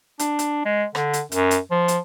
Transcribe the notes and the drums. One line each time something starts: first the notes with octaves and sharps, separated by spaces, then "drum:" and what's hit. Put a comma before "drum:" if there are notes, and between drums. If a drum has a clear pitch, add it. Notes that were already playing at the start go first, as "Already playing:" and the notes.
D4, drum: hi-hat
drum: hi-hat
G#3
D3, drum: rim click
drum: hi-hat
F#2, drum: hi-hat
drum: hi-hat
F3
drum: hi-hat